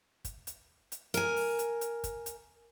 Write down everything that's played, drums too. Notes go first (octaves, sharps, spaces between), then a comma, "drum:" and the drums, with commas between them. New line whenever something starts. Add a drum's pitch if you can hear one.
drum: kick, hi-hat
drum: hi-hat
drum: hi-hat
A#4 G#5, drum: hi-hat
drum: open hi-hat
drum: hi-hat
drum: hi-hat
drum: kick, hi-hat
drum: hi-hat